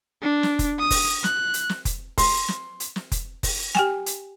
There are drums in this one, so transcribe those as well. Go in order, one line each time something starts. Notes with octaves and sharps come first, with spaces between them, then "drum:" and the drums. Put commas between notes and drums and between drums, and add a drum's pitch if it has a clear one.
D4
drum: snare
drum: kick F1, hi-hat
D#6
drum: kick F1, open hi-hat
F#6, drum: snare
drum: hi-hat
drum: snare
drum: kick F1, hi-hat
C6, drum: kick F1, open hi-hat
drum: snare
drum: hi-hat
drum: snare
drum: kick F1, hi-hat
drum: kick F1, open hi-hat
G4 G5 G#5, drum: snare
drum: hi-hat